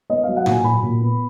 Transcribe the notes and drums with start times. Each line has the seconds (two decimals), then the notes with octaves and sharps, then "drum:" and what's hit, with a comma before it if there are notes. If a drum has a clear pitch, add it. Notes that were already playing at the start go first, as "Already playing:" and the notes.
0.10 B3 D#5
0.23 F#3 F5
0.37 F#5
0.46 A#2 G#5, drum: tom A2
0.64 F#3 B5
0.83 A#2
1.01 B3